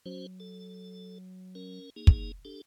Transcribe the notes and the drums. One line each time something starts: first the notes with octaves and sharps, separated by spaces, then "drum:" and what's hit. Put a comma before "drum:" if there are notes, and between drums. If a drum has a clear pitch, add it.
F#3 C#4 F#4 C5
A4
C#4 A#4
A#3 D#4 G#4
drum: kick
D4 G4 A4